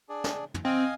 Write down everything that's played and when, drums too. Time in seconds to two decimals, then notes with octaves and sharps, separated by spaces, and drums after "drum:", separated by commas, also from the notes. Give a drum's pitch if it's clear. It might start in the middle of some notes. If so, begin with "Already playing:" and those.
0.09 D4 G#4 D5
0.24 drum: snare
0.54 drum: tom
0.65 C4 D#5 F5 G#5